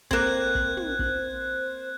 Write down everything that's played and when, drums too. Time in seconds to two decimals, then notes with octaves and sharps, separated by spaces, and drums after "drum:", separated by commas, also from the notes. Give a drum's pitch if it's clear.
0.11 A#3 C4 C5 F#6 G#6, drum: kick
0.55 drum: kick
0.77 drum: tom
0.99 drum: kick